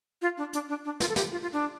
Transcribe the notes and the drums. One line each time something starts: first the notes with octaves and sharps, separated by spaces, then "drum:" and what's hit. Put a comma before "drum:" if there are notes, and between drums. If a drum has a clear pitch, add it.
F4
D4
D4, drum: hi-hat
D4
D4
F4, drum: snare
A4
G4, drum: snare
F4
F4
D4